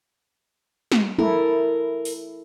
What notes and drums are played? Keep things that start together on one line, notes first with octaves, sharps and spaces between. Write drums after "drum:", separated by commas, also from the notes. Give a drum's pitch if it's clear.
drum: snare
E4 A4 A#4, drum: tom
drum: open hi-hat